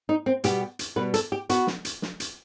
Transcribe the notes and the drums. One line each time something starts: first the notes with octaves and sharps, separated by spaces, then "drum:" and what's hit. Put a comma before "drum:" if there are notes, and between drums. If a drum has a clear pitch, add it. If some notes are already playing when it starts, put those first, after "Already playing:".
D#4
C4
B2 G3 B3 G4, drum: hi-hat
drum: hi-hat
B2 G3 B3 B4
A4, drum: hi-hat
G4
B3 F#4, drum: hi-hat
drum: snare
drum: hi-hat
drum: snare
drum: hi-hat